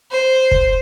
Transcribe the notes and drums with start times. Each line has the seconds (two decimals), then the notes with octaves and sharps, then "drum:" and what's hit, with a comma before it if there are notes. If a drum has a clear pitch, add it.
0.11 C5
0.51 drum: kick